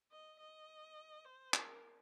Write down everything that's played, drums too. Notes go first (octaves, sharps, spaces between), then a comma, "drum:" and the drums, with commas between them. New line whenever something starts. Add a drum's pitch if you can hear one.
D#5
D#5
C5
A#4, drum: clap